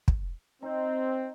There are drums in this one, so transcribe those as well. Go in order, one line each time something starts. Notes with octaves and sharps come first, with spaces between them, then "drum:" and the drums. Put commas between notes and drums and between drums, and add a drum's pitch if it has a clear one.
drum: kick
C4 D#4